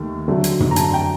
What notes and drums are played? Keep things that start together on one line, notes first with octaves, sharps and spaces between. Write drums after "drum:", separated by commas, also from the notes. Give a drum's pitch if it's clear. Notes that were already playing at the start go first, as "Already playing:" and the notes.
Already playing: D#2 D#3 A3
D2 D3 F#3 A3
drum: hi-hat
drum: tom
A#5
A5, drum: hi-hat
G5